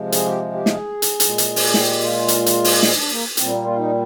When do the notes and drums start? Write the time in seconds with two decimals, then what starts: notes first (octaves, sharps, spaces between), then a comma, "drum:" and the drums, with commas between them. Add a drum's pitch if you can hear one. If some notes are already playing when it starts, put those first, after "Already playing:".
Already playing: C3 F3 G#3
0.12 G#4, drum: hi-hat
0.26 G4
0.53 G4
0.66 G#4, drum: snare
1.02 drum: hi-hat
1.20 A#2 G#3, drum: hi-hat
1.38 drum: hi-hat
1.56 drum: open hi-hat
1.74 G4, drum: snare
2.02 F4
2.28 drum: hi-hat
2.46 drum: hi-hat
2.64 drum: open hi-hat
2.83 D#4, drum: snare
2.96 D4
3.10 A#3
3.37 A#2 G3 C4, drum: hi-hat
3.50 A#3
3.63 F4
3.77 D#4